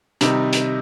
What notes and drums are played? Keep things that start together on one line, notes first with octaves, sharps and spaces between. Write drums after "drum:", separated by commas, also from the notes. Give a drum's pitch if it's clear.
C3 D#3 G3 D#4, drum: hi-hat
drum: hi-hat